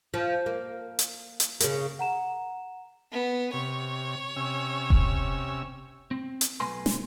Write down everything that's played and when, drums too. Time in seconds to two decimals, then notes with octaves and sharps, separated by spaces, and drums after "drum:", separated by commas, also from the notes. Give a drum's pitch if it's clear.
0.14 F3
0.46 A#3
0.99 drum: hi-hat
1.40 drum: hi-hat
1.60 C#3 A#3, drum: hi-hat
1.99 F#5 A#5 E7
3.12 B3
3.53 C3 C#5
4.36 C3 C#4 E6
4.90 drum: kick E1
6.11 C4
6.41 drum: hi-hat
6.60 B1 A3 B4 G#5 C6
6.86 drum: snare